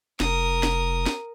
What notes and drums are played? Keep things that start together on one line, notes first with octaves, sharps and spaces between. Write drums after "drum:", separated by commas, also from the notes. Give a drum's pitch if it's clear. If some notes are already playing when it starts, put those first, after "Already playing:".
F1 A#4 D#6, drum: snare
drum: snare
drum: snare